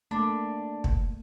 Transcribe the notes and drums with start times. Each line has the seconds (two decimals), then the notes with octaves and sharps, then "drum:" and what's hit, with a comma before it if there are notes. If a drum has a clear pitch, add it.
0.11 A3 A#3 D4 B5
0.84 drum: kick